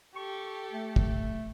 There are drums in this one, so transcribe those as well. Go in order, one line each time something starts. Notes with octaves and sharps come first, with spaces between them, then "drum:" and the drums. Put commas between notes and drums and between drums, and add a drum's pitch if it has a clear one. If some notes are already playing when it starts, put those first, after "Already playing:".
G4 A4 C#6
A3
drum: kick